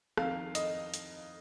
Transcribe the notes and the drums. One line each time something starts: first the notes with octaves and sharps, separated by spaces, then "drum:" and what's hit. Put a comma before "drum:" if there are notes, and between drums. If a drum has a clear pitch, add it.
F2 D#3 F5, drum: rim click
D#5, drum: hi-hat
drum: hi-hat